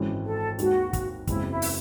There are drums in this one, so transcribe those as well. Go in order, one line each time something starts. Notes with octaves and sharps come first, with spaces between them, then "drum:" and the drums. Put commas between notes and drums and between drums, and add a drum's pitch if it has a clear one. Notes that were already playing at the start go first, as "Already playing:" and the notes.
Already playing: G#1 F#2 E3 G#3 C#4
A4
D#2 D#3 G#3 F#4, drum: hi-hat
drum: kick, hi-hat
F#1 E2 C#3 G#3 C4 E4, drum: kick, hi-hat
E4
drum: open hi-hat